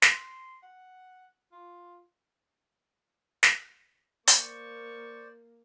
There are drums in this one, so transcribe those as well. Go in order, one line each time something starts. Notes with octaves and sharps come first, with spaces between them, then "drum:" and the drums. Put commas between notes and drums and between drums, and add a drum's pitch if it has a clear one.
C6, drum: snare
F#5
F4
drum: snare
A#3 C5 D5 C#6, drum: hi-hat